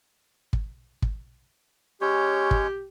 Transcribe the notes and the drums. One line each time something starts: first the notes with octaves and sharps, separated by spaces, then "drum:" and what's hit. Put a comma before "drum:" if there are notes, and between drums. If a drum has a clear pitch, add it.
drum: kick
drum: kick
G#3 C#4 G4 C#5
drum: kick